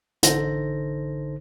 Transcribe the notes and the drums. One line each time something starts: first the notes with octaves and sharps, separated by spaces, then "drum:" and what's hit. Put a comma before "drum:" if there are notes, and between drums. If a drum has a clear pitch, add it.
A1 D3 D#4 A4 C5 A#6, drum: hi-hat